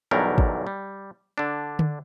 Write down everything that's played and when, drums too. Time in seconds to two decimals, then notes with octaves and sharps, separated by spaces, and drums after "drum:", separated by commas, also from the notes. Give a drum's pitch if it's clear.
0.11 B1 E2 D3 F#3 G3 A#4
0.38 drum: kick
0.67 G3
1.38 D3 D4
1.79 drum: tom D3